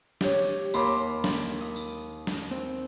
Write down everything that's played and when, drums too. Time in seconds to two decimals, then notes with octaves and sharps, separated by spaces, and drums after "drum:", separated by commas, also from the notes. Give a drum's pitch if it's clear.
0.21 G4 C#5, drum: snare
0.74 D#2 A#4 B5 C6 D6, drum: tambourine
1.24 drum: snare
1.61 D#6
1.76 drum: tambourine
2.27 drum: snare
2.51 C4